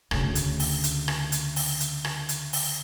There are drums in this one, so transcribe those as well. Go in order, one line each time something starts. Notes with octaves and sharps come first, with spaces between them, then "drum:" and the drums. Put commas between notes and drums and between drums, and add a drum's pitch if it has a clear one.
D2 C#3, drum: rim click
drum: hi-hat
drum: open hi-hat
drum: hi-hat
drum: rim click
drum: hi-hat
drum: open hi-hat
drum: hi-hat
drum: rim click
drum: hi-hat
drum: open hi-hat